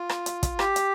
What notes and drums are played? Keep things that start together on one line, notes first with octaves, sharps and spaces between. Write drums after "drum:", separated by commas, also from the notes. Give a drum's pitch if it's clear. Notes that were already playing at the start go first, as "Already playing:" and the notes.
Already playing: F4
drum: rim click
drum: hi-hat
drum: kick, hi-hat
G4, drum: rim click
drum: hi-hat